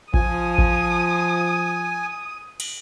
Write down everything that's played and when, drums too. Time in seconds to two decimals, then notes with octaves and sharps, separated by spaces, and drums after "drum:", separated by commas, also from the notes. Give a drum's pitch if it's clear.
0.14 F3 G#5 D#6, drum: kick A1
0.58 drum: kick A1
2.60 drum: cymbal